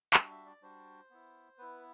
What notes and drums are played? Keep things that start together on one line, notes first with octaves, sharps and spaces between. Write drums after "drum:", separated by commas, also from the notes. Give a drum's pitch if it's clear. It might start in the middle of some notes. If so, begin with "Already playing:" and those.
G3 D4 F#4 E5, drum: clap
E5
D5
G3 D4 F#4 C5
B3 E4
B3 E4 B4